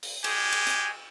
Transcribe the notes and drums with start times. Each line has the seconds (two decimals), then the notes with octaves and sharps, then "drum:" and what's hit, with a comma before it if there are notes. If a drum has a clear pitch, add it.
0.03 drum: open hi-hat
0.24 G#3 G4 G#5, drum: cymbal
0.52 drum: cymbal
0.67 drum: hi-hat